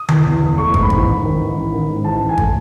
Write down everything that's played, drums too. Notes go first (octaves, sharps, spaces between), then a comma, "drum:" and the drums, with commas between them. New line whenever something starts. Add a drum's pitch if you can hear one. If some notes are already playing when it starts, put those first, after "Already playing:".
Already playing: D#6
E2, drum: tom D3
E2
E1
A3 C#6
G#2, drum: kick
B5
A1, drum: kick
G#2
D#3
A1
A1
D#3
G#2
A1 A5
A1
G#5
A3, drum: kick